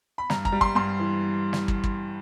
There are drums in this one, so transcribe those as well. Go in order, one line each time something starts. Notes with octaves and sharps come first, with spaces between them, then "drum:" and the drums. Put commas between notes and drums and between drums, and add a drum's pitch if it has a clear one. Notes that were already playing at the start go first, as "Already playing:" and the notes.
B5
G2 A#5, drum: snare
A#5, drum: kick
G3
C6, drum: kick
G2 C6
E3
drum: snare
drum: kick
drum: kick